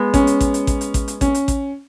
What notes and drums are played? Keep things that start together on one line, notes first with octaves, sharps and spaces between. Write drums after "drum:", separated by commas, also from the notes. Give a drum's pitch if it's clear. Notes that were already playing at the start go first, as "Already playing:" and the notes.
Already playing: G#3 B3
C#4, drum: kick A1, hi-hat
drum: hi-hat
drum: kick A1, hi-hat
drum: hi-hat
drum: kick A1, hi-hat
drum: hi-hat
drum: kick A1, hi-hat
drum: hi-hat
C#4, drum: kick A1, hi-hat
drum: hi-hat
drum: kick A1, hi-hat